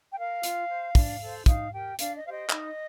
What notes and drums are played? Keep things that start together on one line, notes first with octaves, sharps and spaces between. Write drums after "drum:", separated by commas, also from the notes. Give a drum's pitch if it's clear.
G5
A#4 F5
F4, drum: hi-hat
C5
D4, drum: kick, open hi-hat
A4 C5
D#4 F5, drum: kick, hi-hat
G4 A#4 G5
D4 F5, drum: hi-hat
D#5
G4 C5 F5
D#5
D#4, drum: clap